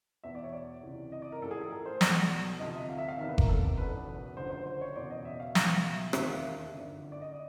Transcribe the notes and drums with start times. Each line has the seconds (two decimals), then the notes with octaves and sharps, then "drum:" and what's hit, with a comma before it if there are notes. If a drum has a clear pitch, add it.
0.24 E2 B2 E5
0.35 D5
0.44 C#5
0.53 D5
0.83 C#2 C3 E3
1.12 D#5
1.22 D5
1.32 A#4
1.41 A1 A2 F3 A4
1.51 G#4
1.61 A4
1.71 A#4
1.86 C5
2.01 B1 B2 D5, drum: snare
2.59 D2 C3 F3 D#5
2.75 E5
2.90 F5
2.98 E5
3.09 F5
3.18 E2 C3 D#3 E5
3.28 B4
3.38 A#4, drum: kick F#1
3.49 A4
3.63 A4
3.77 F#1 E2 B2 B4
4.36 F#1 F#2 D3 F3 C5
4.51 C5
4.66 C5
4.81 C#5
4.96 F#1 E2 B2 D5
5.10 D#5
5.25 E5
5.40 F5
5.55 C#2 B2, drum: snare
5.64 F5
5.74 E5
6.13 E1 D#2 D#3 E5, drum: rim click
6.29 F5
6.43 E5
6.73 G1 F#2 D3
7.12 D5
7.22 D#5
7.32 D5